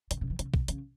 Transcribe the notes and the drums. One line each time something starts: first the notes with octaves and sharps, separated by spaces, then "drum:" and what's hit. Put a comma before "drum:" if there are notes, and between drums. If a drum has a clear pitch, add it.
C#3, drum: hi-hat
C#3
E3
C#3, drum: hi-hat
B2, drum: kick
C#3, drum: hi-hat